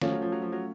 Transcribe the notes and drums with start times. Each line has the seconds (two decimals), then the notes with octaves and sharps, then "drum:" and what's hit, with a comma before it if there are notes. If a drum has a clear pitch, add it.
0.01 F3 A3 C#4 F4, drum: snare
0.12 F#3
0.22 F3
0.32 F#3
0.42 F3
0.52 F#3